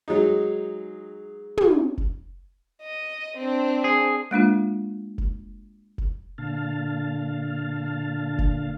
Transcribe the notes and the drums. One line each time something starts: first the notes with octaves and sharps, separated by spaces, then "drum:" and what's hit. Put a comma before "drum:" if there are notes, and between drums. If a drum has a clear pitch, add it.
F#3 G#3 D#4
drum: tom
drum: kick F1
D#5
C4 D4
G#4
G#3 A#3 D4 F4
drum: kick F1
drum: kick F1
A#2 D3 F5 A5
drum: kick F1